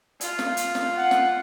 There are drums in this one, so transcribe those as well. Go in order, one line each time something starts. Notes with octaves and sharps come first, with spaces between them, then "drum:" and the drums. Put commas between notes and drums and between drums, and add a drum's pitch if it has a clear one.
F4, drum: hi-hat
drum: snare
drum: hi-hat
drum: snare
F#5
drum: snare